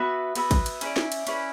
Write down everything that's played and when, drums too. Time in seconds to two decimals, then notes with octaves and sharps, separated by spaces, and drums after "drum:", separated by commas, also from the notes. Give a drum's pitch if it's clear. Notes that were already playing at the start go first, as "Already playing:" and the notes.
Already playing: B3 F#4 B4 E5
0.35 B3 F#4 B4 E5, drum: cymbal
0.51 drum: kick, cymbal
0.66 drum: cymbal
0.81 C#4 E4 B4 D5, drum: cymbal
0.96 drum: snare
1.12 drum: cymbal
1.27 C#4 E4 B4 D5, drum: cymbal